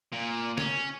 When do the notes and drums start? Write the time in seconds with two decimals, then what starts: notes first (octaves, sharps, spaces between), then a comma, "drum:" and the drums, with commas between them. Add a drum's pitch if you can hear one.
0.13 A#2
0.58 C#4, drum: snare